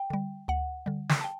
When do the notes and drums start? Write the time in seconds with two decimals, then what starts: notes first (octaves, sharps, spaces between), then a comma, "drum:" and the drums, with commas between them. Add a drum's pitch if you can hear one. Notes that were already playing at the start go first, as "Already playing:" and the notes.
Already playing: G5
0.10 D3 G3
0.48 D2 F#5
0.86 D3 G3
1.09 drum: snare
1.21 A5
1.24 G5